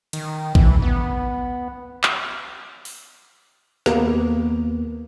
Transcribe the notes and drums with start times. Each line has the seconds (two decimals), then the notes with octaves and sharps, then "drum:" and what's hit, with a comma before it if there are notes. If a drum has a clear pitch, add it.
0.13 D#3, drum: cymbal
0.55 E3, drum: kick A1
0.82 B3
2.03 drum: clap
2.85 drum: open hi-hat
3.86 D#2 A#3 B3, drum: snare